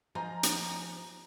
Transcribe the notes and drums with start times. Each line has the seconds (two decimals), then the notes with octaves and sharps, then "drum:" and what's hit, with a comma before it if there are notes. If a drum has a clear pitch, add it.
0.15 F3 D#5 G#5 A#5
0.43 drum: hi-hat